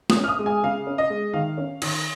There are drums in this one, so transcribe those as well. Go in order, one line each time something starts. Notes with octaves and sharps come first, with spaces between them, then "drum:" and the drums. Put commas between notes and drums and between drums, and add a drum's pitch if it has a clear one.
D#6, drum: snare
C#4
F6
D#6
G#3
G#5
C#3 F5
C#4
D#5
G#3
D#3 F5
C#4
D#3, drum: cymbal